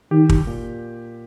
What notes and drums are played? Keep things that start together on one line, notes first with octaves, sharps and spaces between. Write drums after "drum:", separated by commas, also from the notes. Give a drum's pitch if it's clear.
D#3 G4
G4, drum: kick
A#2